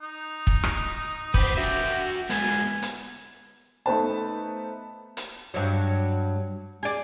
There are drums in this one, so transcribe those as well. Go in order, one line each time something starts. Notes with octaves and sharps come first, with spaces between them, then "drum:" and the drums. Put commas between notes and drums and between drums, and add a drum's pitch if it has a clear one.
D#4
drum: kick
drum: rim click
B3 C4 G4, drum: kick
F#4 G4 E5
G#2 B3 G#5, drum: hi-hat
drum: hi-hat
A3 B3 D#4 B4 C5 A5
drum: hi-hat
G2 F#3
G#4 D5